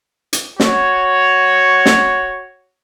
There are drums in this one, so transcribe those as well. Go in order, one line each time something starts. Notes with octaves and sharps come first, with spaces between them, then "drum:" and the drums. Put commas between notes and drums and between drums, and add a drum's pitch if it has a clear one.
drum: hi-hat
F#4 C#5, drum: snare
drum: snare